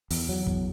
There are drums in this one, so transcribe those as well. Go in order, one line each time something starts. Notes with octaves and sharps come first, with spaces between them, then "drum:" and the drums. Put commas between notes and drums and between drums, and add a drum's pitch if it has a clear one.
E2, drum: open hi-hat
F#3
E2, drum: kick